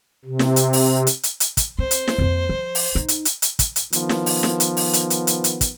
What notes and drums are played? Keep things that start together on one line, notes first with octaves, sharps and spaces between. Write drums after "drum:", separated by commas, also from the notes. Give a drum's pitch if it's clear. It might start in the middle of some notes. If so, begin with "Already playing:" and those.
C3
drum: snare
drum: hi-hat
drum: open hi-hat
drum: hi-hat
drum: hi-hat
drum: hi-hat
drum: kick, hi-hat
C4 C5
drum: hi-hat
drum: snare
F2 A#3
F3
drum: open hi-hat
D#4
drum: hi-hat
drum: hi-hat
drum: hi-hat
drum: kick, hi-hat
drum: hi-hat
D#3 F3 B3, drum: hi-hat
drum: snare
drum: open hi-hat
drum: snare
drum: hi-hat
drum: open hi-hat
drum: hi-hat
drum: hi-hat
drum: hi-hat
drum: hi-hat
drum: kick, hi-hat